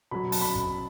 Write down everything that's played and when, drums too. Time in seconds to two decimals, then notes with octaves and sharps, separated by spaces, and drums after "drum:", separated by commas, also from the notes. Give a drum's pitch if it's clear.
0.11 B2 F#3 B5
0.32 A5, drum: open hi-hat
0.41 B5
0.55 drum: kick